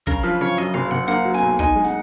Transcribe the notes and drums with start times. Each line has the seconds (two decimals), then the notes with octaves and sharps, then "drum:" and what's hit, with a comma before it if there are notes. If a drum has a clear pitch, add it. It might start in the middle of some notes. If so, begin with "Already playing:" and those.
0.07 C#3 A#4, drum: kick, hi-hat
0.23 F3 B4
0.41 C#3 C#5
0.57 F#2 D#5, drum: hi-hat
0.74 F#1 F5
0.91 F#1 F#5
1.08 A#3 F#5, drum: hi-hat
1.25 F#3
1.34 G#5, drum: snare
1.42 B1
1.59 D#4 G#5, drum: kick, hi-hat
1.76 G#3
1.84 F#5, drum: snare